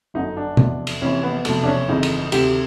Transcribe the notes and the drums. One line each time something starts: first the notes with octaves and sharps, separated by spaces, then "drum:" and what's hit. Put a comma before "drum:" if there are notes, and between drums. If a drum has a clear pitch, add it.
G1 F#2 D3 D#4
D4
F1 E2 B2, drum: tom
drum: cymbal
F1 F2 C3 E3 C#4
B3
F1 E2 B2 A3, drum: cymbal
D4
C#4
G1 F2 C#3 E3 D#4
drum: cymbal
D2 C3 D#3 G4, drum: cymbal